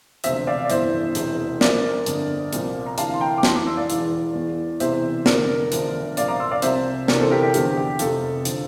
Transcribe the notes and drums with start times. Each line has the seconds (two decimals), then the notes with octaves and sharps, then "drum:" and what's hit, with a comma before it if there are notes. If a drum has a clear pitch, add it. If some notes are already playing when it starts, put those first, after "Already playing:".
0.24 E1 D2 C3 F3 C5 E5, drum: hi-hat
0.47 D5 F5
0.65 D5
0.70 G1 F2 E3 C5 E5, drum: hi-hat
1.15 E1 E2 C3 E3, drum: hi-hat
1.61 A#1 A#2 F3 A#4 D5, drum: snare
2.06 G1 F2 D3, drum: hi-hat
2.53 C2 A#2 F3, drum: hi-hat
2.86 A#5
2.98 D2 C3 E3 F5 A5, drum: hi-hat
3.14 C6
3.21 G5 A#5
3.38 D6
3.43 F1 F2 E3 A5 C6, drum: snare
3.54 A#5 D6
3.66 C6 E6
3.77 D5 F5
3.90 E1 E2 E3, drum: hi-hat
4.35 E2 E3
4.80 E1 E2 C3 E3 C5 E5, drum: hi-hat
5.26 F1 F2 D3 F3 A#4 D5, drum: snare
5.72 E1 D2 D3 F3, drum: hi-hat
6.17 C2 A#2 F3 D5 F5, drum: hi-hat
6.28 A#5 D6
6.40 C6 E6
6.51 D5 F5
6.62 C2 C3 F3 C5 E5, drum: hi-hat
7.08 D2 C3 E3 A#4 D5, drum: snare
7.20 A4 C5
7.31 G4 A#4
7.42 G4
7.54 E2 D3 F3 G4, drum: hi-hat
7.77 G4
7.99 F1 F2 C3 F4 A4, drum: hi-hat
8.45 D3 F3, drum: hi-hat